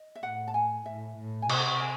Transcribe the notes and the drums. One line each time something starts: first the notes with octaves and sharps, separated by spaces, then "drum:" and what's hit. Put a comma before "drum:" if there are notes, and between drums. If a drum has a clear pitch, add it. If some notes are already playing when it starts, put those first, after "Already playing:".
Already playing: D#5
E5
A2 F#5
A5
G#5
A2 E5
A2
G#5
C3 F#5, drum: cymbal
G#5